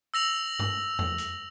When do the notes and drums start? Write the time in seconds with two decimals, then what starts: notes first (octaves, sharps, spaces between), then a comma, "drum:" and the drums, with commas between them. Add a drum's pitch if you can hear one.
0.14 E6 A#6 F7 F#7
0.59 drum: tom G2
0.99 drum: tom E2
1.18 drum: hi-hat